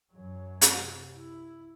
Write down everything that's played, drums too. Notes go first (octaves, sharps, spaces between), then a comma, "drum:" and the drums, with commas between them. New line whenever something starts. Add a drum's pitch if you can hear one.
F#2 F#3
drum: hi-hat
C3
E4